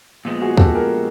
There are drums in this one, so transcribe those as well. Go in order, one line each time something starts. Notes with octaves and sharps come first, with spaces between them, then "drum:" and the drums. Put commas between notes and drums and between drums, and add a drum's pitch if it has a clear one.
A#2 F3 G#3 B3
F#4 G#4
G4 A4, drum: kick
G#4 A#4